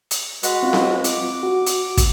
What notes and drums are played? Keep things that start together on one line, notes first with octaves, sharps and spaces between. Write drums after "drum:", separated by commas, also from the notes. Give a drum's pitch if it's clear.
drum: hi-hat
G#3 F#4 B4, drum: hi-hat
C4 F4
drum: snare C4
D6, drum: hi-hat
F#4
drum: hi-hat
drum: kick, hi-hat